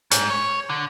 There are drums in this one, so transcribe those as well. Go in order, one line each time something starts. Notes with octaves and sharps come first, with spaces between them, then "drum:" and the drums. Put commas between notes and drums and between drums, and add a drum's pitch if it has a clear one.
G#2, drum: hi-hat
C#5
D3